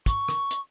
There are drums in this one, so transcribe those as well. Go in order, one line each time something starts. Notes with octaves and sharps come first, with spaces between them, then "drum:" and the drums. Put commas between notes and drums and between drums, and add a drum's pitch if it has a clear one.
C#6, drum: kick, hi-hat
drum: rim click
drum: hi-hat